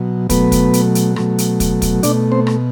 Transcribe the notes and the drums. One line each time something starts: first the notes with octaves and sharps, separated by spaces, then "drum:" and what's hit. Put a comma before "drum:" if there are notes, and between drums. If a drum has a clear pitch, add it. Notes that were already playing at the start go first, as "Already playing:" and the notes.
Already playing: B2 F#3
B2 F#3 A3 B3 B4, drum: kick, hi-hat
drum: kick, hi-hat
drum: hi-hat
drum: hi-hat
B2 F#3 A3, drum: rim click
drum: hi-hat
drum: kick, hi-hat
drum: kick, hi-hat
B2 A3 D4 D5, drum: hi-hat
C4 C5
drum: rim click